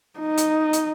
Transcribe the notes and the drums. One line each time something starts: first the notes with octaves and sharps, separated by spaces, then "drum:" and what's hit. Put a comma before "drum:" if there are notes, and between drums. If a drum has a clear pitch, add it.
D#4
drum: hi-hat
drum: hi-hat